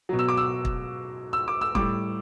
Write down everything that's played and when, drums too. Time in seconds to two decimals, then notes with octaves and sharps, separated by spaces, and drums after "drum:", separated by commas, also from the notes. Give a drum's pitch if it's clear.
0.09 B2 F#3
0.19 E6
0.28 D6
0.37 E6
0.65 drum: kick
1.33 E6
1.48 D6
1.61 E6
1.75 A2 G3 D6, drum: kick